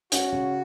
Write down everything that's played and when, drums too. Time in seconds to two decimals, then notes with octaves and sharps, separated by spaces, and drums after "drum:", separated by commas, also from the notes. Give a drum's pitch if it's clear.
0.12 C#4 F#4, drum: hi-hat
0.32 C#3